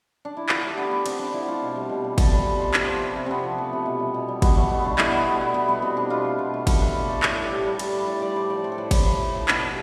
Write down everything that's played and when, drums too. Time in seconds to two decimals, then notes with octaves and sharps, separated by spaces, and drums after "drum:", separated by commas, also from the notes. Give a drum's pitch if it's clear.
0.25 D4
0.37 E4
0.49 D3 F4, drum: clap
0.63 A3 G4
0.77 D3 B3
0.91 A3 B3
1.06 D3 C4, drum: cymbal
1.19 A3 D4
1.33 D3 E4
1.48 A3 F4
1.62 B2
1.75 G3
1.89 B2
2.04 G3
2.18 B2 A4, drum: kick, cymbal
2.31 G3 B4
2.46 B2
2.60 G3 C5
2.74 C3 D5, drum: clap
2.87 F3 C5
3.01 A3 B4
3.16 C3 C4
3.26 C3 B3 C4
3.44 F3
3.58 A3
3.73 C3
3.86 B2
4.00 G3
4.14 B2
4.28 G3
4.42 B2 B3, drum: kick, cymbal
4.57 G3 A3
4.71 B2 B3
4.84 G3 D4
4.98 B2 E4, drum: clap
5.13 G3 B3
5.27 B2 A3
5.41 G3 B3
5.54 B2 B3
5.68 G3 B3
5.82 B2 C4
5.97 G3 D4
6.10 B2 F4
6.25 A3
6.39 B2
6.54 A3
6.67 B2 A4, drum: kick, cymbal
6.81 A3 B4
6.95 B2
7.09 A3 A4
7.23 A2 A4, drum: clap
7.38 G3 G4
7.51 A2
7.61 G3 G4
7.79 A2 A4, drum: cymbal
7.93 G3 B4
8.07 A2 D5
8.21 G3 D5
8.36 A2 C5
8.50 F3 D5
8.64 A3 C5
8.72 A4
8.78 A2 B4
8.91 A2 B4, drum: kick, cymbal
9.06 F3
9.19 A3
9.33 A2
9.48 B2, drum: clap
9.62 G3